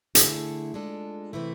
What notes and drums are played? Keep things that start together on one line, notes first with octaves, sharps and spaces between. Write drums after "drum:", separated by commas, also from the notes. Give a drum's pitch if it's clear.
D3 A3 E4 G#4, drum: hi-hat
G#3 D4 F4 A4
C3 E3 A3 E4